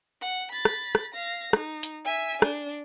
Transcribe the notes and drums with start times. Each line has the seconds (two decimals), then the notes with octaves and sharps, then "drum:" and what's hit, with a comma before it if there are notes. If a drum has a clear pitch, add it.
0.21 F#5
0.51 B5 A6
0.65 drum: rim click
0.95 drum: rim click
1.14 F5 A#6
1.53 D#4, drum: rim click
1.83 drum: hi-hat
2.05 E5 G#5
2.42 D4, drum: rim click